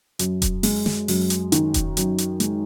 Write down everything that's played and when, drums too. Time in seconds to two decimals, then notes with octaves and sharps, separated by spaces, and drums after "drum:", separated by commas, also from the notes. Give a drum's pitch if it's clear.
0.19 F#2, drum: hi-hat
0.42 drum: kick E1, hi-hat
0.63 G#3, drum: open hi-hat
0.86 drum: snare
1.08 F#2, drum: open hi-hat
1.30 drum: hi-hat
1.52 D#3, drum: hi-hat
1.74 drum: kick E1, hi-hat
1.97 F#2, drum: hi-hat
2.18 drum: hi-hat
2.40 G#3, drum: hi-hat